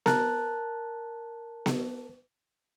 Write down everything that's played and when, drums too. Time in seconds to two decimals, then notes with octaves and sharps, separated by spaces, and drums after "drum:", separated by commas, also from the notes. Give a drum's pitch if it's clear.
0.06 A#4 A5 F#6, drum: snare B3
1.66 drum: snare B3